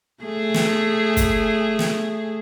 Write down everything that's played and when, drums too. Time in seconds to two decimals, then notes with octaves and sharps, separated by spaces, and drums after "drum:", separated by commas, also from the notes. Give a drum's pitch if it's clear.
0.23 A3 G#4
0.54 drum: snare
1.17 drum: kick, hi-hat
1.79 drum: snare